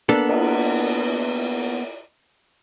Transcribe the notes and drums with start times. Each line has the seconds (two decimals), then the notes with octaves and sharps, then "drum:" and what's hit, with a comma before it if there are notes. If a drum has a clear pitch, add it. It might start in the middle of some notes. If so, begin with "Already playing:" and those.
0.09 A#3 B3 D4 A4
0.29 drum: cymbal